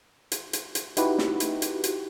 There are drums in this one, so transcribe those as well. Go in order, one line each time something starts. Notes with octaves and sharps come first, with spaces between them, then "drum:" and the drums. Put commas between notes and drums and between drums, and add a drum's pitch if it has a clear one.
drum: hi-hat
drum: hi-hat
drum: hi-hat
D#4 E4 F#4 G4 B4, drum: hi-hat
drum: snare
drum: hi-hat
drum: hi-hat
drum: hi-hat